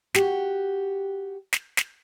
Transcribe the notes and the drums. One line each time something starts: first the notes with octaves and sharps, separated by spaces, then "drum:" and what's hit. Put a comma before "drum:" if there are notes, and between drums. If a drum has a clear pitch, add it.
F#4 G4, drum: snare
drum: snare
drum: snare